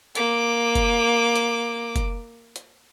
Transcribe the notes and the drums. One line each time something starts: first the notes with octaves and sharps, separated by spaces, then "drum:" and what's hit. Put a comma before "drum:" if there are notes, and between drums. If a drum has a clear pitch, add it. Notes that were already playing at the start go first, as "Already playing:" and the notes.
A#3 D6, drum: hi-hat
drum: kick, hi-hat
drum: hi-hat
drum: kick, hi-hat
drum: hi-hat